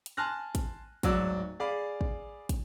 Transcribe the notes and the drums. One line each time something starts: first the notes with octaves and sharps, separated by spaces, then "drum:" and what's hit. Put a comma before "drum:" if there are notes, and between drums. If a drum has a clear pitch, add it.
drum: hi-hat
G#5 A5 C6 F6 F#6 A#6
drum: kick, hi-hat
D1 G#2 F#3 D5 E6, drum: kick, hi-hat
G#4 D5 F5 B5
drum: kick
drum: kick, hi-hat